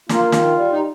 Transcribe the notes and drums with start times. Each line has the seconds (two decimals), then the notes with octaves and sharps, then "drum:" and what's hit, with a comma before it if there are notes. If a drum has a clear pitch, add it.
0.10 A#3 F4, drum: snare
0.32 D#3, drum: snare
0.57 G3
0.72 D#4